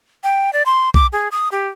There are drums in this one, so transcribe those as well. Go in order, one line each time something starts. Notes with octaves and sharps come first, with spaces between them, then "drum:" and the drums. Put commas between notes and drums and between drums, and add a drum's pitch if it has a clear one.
G5
D5
C6
D6, drum: kick
G#4
D#6
G4